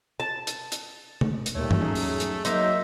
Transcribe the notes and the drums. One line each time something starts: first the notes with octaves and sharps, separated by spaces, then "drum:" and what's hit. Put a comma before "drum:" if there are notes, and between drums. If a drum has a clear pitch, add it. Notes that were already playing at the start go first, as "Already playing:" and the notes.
A5
drum: hi-hat
drum: hi-hat
drum: tom
drum: hi-hat
D#2 A#2 G3 A3 C#5
drum: tom G2
F#3 C#4 D#4 G#4
drum: open hi-hat
drum: hi-hat
F#3 A#3 D#4 E5 C6 D6 G6, drum: hi-hat